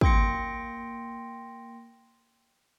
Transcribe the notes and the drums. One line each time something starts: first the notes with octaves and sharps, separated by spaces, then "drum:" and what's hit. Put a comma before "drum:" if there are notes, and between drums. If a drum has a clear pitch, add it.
A#3 G5 C6 A#6 C#7, drum: kick